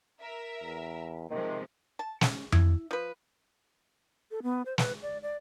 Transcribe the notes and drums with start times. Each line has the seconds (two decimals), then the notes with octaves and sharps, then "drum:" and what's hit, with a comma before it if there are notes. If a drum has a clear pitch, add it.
0.20 A#4 E5
0.63 E2
1.31 C3 D#3 F3 G#3 A#4
1.99 A5
2.21 C#4, drum: snare
2.52 E4, drum: tom F2
2.91 F3 B4
4.31 A4
4.43 B3
4.66 C5
4.78 B4, drum: snare
5.02 D5
5.22 D5